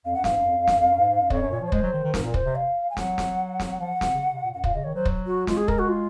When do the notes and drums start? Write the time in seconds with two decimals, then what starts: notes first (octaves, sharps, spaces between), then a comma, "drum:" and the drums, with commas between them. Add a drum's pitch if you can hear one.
0.05 F2 F5
0.14 F#2 F#5
0.24 G#2 F5, drum: snare
0.37 F#2
0.47 F2
0.57 F2
0.67 F#2, drum: snare
0.78 F2
0.89 F#2
0.99 G#2
1.10 G#2
1.20 F#2
1.30 F2 C#5, drum: kick
1.41 F#2
1.51 A#2
1.61 F3 C#5
1.72 G#3 C5, drum: kick
1.82 F#3
1.93 D#3
2.03 D#3
2.14 G#2 A#4, drum: snare
2.24 A#2
2.34 C5, drum: kick
2.45 C3
2.55 F5
2.90 G#5
2.97 F#3 F#5, drum: snare
3.18 drum: snare
3.60 drum: snare
3.80 F3 F#5
4.01 C3, drum: snare
4.11 C#3
4.32 C3
4.43 A#2
4.53 F#2 F#5
4.64 A#2 F5, drum: kick
4.74 C#3 D#5
4.84 D#3 C#5
4.95 F#3 C5
5.05 drum: kick
5.26 F#4
5.47 G#3 F4, drum: snare
5.57 G#4
5.68 A#4, drum: kick
5.79 F#4
5.88 F4